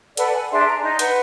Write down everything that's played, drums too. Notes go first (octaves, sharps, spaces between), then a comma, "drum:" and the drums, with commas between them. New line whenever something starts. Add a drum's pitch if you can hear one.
A4 B4 D5 F#5, drum: hi-hat
G#5
D4 G#4 E5 C6
A#5
D#4
B4 F#5, drum: hi-hat